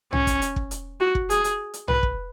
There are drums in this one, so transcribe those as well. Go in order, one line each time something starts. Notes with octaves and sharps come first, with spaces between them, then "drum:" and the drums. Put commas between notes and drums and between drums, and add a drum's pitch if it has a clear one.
C#4, drum: tom
drum: kick, hi-hat
drum: hi-hat
drum: kick
drum: hi-hat
F#4
drum: kick
G#4, drum: hi-hat
drum: hi-hat
drum: hi-hat
B4, drum: tom
drum: kick